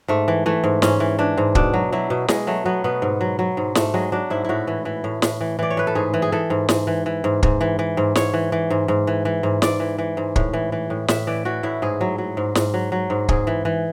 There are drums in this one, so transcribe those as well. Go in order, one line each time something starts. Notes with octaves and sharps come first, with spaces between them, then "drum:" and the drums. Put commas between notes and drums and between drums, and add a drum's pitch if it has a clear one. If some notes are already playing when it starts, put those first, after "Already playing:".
G#2 A3
E3
E3 A3
G#2
G#2 C#4, drum: snare
E3
E3 D4
G#2
B2 D4, drum: kick
F#3
F#3 E4
B2
B2 G#3, drum: snare
F#3 A3
F#3 B3
B2 B3
G#2
F#3
F#3
G#2
G#2 A3, drum: snare
F#3 G#3
F#3 D4
G#2 E4
A2 E4 F#4
E3
E3
A2
A2, drum: snare
E3
E3 D5
C#5
A2 B4
A4
G#2 G#4
E3
G#4
E3 A4
G#2
G#2, drum: snare
E3
E3
G#2
G#2, drum: kick
E3
E3
G#2
G#2 C#5, drum: snare
E3
E3
G#2
G#2
E3
E3
G#2
G#2 D5, drum: snare
E3
E3
G#2
A2, drum: kick
E3
E3
A2
A2 E5, drum: snare
E3 D5
E3 F#4
A2 E4
G#2 G#4
F#3
F#3
G#2
G#2, drum: snare
F#3
F#3
G#2
G#2 G#4, drum: kick
E3
E3